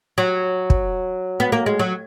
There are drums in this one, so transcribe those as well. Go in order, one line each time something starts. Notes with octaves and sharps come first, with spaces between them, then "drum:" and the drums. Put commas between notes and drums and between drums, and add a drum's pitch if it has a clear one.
F#3
drum: kick
B3
A#3
G#3
F#3